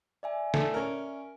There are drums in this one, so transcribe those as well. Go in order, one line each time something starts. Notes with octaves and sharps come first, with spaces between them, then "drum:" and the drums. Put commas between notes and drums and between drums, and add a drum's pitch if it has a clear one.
D5 E5 G#5
A3 A4, drum: snare
C#4 A#4